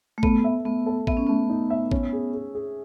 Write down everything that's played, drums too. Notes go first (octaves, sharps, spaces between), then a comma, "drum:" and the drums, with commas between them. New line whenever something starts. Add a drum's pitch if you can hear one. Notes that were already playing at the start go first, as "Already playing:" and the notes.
A3
B3 A4, drum: kick A1
E5
A3 B3
A4
B3 E5, drum: kick A1
C#4
A3 B3
D#4
E5
C#4, drum: kick A1
G#4
G#4
G#4